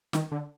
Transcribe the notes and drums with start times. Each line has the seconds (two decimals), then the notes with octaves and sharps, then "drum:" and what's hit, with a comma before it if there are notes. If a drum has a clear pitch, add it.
0.13 D#3, drum: snare
0.32 D3